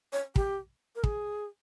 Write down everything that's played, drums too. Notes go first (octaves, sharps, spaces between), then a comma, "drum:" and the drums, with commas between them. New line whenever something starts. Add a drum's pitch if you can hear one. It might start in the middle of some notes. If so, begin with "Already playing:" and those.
C#5
G4, drum: kick
A#4
G#4, drum: kick